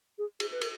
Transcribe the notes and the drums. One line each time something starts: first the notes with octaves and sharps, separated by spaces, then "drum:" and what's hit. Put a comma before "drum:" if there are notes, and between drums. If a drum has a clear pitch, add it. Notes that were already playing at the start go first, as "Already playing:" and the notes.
G#4
G#4, drum: cymbal
B4
A#4, drum: cymbal